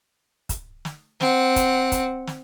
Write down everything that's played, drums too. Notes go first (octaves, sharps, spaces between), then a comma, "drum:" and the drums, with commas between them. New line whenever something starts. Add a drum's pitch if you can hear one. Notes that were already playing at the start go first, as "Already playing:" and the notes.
drum: kick, hi-hat
drum: snare
C4 F#5, drum: snare
drum: kick, hi-hat
drum: kick, hi-hat
drum: snare